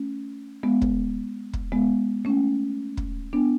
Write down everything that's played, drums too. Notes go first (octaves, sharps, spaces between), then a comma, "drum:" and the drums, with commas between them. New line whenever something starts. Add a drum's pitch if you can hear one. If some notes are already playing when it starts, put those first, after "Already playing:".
Already playing: A3 C#4
G#3 B3
drum: kick
drum: kick
G#3 B3
A3 C#4
drum: kick
B3 D4